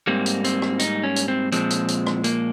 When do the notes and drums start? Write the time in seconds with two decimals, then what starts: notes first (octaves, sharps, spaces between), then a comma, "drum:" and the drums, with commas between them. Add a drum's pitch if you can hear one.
0.07 G#2 G3 A#3 C4
0.26 drum: hi-hat
0.44 C4, drum: hi-hat
0.62 drum: rim click
0.79 D#4, drum: hi-hat
1.04 C#4
1.16 drum: hi-hat
1.28 C4
1.52 A#2 F3 G#3 C4, drum: hi-hat
1.70 drum: hi-hat
1.88 drum: hi-hat
2.07 drum: rim click
2.24 A#3, drum: hi-hat